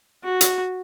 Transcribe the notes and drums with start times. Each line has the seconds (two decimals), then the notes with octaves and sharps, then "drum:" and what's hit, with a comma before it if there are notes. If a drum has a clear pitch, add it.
0.24 F#4
0.41 drum: hi-hat